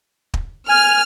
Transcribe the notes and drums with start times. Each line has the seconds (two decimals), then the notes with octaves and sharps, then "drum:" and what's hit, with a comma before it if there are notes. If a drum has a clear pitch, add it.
0.34 drum: kick
0.69 G#5 F6